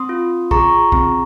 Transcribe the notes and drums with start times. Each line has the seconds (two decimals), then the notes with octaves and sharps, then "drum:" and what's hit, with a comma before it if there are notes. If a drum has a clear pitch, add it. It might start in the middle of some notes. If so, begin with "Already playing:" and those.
Already playing: C4 C6 D#6
0.09 F4
0.51 G#4 A#5 C#6, drum: kick A#1
0.92 C4, drum: kick A#1